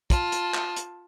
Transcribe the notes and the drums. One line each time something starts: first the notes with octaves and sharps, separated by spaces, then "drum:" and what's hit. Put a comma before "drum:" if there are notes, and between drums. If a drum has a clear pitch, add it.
F4 A5, drum: kick, hi-hat
drum: hi-hat
drum: clap
drum: hi-hat